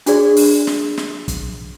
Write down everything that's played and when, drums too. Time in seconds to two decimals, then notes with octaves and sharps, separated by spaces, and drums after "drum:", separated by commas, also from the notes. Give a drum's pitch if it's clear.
0.06 D4 F#4 G#4 D5, drum: hi-hat
0.37 drum: open hi-hat
0.67 drum: snare
0.97 drum: snare
1.28 drum: kick, hi-hat